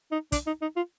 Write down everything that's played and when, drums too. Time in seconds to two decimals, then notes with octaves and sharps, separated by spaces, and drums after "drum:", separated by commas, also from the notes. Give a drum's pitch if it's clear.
0.12 D#4
0.32 D4, drum: kick, hi-hat
0.47 D#4
0.62 D#4
0.76 F4